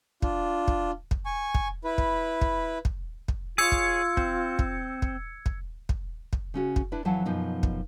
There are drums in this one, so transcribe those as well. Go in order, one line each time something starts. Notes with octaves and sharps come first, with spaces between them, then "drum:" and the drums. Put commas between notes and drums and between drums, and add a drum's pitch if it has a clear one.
D4 F4, drum: kick
drum: kick
drum: kick
G#5 C#6
drum: kick
E4 B4
drum: kick
drum: kick
drum: kick
drum: kick
F4 G#4 C#5 E6 G#6 C#7
drum: kick
C4, drum: kick
drum: kick
drum: kick
drum: kick
drum: kick
drum: kick
C#3 C#4 F#4
drum: kick
D4 E4 B4
F2 E3 F#3 F5 F#5 A5
F#2 B2 F3 D#4
drum: kick